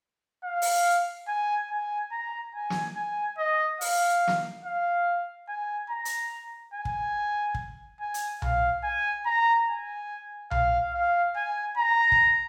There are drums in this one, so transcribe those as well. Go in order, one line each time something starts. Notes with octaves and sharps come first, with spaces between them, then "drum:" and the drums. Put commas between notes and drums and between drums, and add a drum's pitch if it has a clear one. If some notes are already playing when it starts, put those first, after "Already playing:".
F5
drum: open hi-hat
G#5
G#5
A#5
G#5
drum: snare
G#5
D#5
F5, drum: open hi-hat
drum: snare
F5
G#5
A#5
drum: hi-hat
G#5
drum: kick
drum: kick
G#5
drum: hi-hat
F5, drum: tom B1
G#5
A#5
G#5
F5, drum: tom B1
F5
G#5
A#5
drum: kick